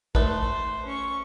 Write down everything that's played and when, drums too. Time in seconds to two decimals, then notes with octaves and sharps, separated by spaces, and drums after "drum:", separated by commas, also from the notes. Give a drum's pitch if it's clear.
0.15 A3 B4 C5, drum: kick
0.86 C#4 C#6